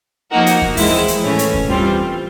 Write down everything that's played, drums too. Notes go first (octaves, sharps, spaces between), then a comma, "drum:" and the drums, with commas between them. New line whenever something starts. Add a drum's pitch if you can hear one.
F3 A#3 D#4 F#4 A#4
drum: hi-hat
drum: kick D#2
E3 G#3 C4 E4, drum: open hi-hat
drum: hi-hat
A2 E3 A3 C#4
drum: hi-hat
drum: kick D#2
E3 G3 C4 F4